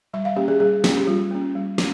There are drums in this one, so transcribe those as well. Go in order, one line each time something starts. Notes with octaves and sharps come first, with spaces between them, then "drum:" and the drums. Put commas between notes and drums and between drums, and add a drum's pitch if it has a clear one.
G3 E5
F5
A#3 C#4 G4
G#4
G3 G#4
A#3 C#4, drum: snare
G4
G3 F4
A#3 C#4
G3
C#4, drum: snare